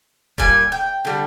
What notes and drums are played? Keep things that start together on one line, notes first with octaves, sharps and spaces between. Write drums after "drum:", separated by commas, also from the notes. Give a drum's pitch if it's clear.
A#2 G3 G#5, drum: kick D#1
G5
D3 G3